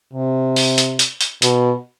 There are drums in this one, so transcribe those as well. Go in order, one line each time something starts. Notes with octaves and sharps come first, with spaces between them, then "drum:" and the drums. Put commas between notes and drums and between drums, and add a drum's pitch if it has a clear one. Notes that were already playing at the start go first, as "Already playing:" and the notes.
C3
drum: open hi-hat
drum: hi-hat
drum: hi-hat
drum: hi-hat
B2, drum: hi-hat